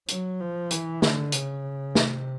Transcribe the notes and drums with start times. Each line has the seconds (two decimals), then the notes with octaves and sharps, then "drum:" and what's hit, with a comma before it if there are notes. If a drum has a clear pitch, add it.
0.08 F#3, drum: hi-hat
0.40 F3
0.70 E3, drum: hi-hat
1.02 D3, drum: snare
1.32 C#3, drum: hi-hat
1.95 C3, drum: snare